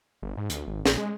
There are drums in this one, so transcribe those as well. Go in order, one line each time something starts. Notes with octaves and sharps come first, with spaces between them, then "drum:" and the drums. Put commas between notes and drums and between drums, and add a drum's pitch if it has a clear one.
G1
G#2
D2, drum: hi-hat
G#1
A#1, drum: snare
G#3